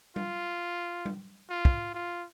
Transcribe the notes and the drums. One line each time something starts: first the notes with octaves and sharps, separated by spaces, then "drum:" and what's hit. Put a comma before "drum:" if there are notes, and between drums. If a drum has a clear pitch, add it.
F4, drum: tom G3
drum: tom G3
F4
drum: kick
F4